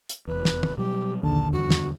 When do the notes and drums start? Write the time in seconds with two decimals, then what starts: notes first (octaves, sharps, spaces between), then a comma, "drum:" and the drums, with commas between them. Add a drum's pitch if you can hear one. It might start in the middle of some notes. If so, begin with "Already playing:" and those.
0.09 drum: hi-hat
0.28 F1 E2 B4
0.45 drum: snare
0.63 drum: tom
0.78 B2 F#3 G3 G4
1.23 A#1 D#2 D3 A5
1.53 E2 G2 F#4
1.70 drum: snare